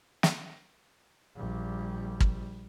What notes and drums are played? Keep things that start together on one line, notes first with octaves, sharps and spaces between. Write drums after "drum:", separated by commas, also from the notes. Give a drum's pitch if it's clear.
drum: snare
A#1 G3
drum: kick